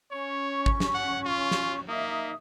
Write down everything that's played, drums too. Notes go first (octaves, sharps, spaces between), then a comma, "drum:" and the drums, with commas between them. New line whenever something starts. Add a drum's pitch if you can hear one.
C#4 C#5 C#6
drum: kick
drum: snare
F#5
F4
drum: snare
A#3 D#4 E5 D#6